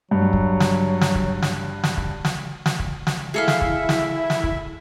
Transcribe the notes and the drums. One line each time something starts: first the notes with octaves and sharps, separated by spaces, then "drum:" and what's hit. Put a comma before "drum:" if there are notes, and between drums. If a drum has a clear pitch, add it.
G2 F#3
drum: kick
drum: snare
drum: snare
drum: kick
drum: snare
drum: snare
drum: kick
drum: snare
drum: snare
drum: kick
drum: snare
E4 G#4 A4 E5 F5
drum: snare
drum: kick
drum: snare
drum: snare
drum: kick